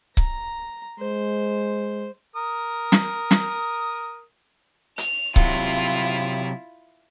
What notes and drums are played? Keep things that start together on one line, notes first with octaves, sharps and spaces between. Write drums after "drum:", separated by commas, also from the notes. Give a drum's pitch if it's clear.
A#5, drum: kick C#1
G#3 C5
A#4 D#6
drum: snare
drum: snare
F7, drum: hi-hat
C3 F#3 E4 F4, drum: kick C#1